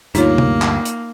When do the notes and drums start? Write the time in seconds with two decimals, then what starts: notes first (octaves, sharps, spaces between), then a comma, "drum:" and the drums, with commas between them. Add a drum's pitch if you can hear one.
0.15 D2 G2 A#3 D#4 F4 C#5, drum: hi-hat
0.38 drum: tom C3
0.62 drum: clap
0.85 drum: hi-hat